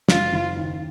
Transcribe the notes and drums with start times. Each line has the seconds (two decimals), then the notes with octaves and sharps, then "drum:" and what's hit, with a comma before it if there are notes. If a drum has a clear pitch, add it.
0.09 F#1 F4, drum: snare
0.33 F#1
0.57 D#2